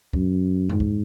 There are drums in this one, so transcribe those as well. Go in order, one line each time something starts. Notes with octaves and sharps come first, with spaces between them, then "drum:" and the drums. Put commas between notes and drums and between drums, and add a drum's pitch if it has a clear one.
F#2, drum: kick
G#2, drum: tom F2
drum: kick